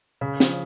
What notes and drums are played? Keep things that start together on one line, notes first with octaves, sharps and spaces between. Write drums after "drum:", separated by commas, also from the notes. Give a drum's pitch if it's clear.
C#3
F3, drum: snare